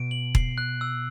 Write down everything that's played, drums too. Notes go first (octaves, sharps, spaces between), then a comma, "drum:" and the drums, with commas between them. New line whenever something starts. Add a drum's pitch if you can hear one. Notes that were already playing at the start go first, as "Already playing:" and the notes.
Already playing: B2 D7
F#7
C7, drum: kick E1
F#6
E6